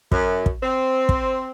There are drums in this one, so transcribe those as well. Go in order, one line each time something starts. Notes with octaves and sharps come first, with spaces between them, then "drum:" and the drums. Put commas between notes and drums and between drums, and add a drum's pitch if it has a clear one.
F#2, drum: kick
drum: kick
C4
drum: kick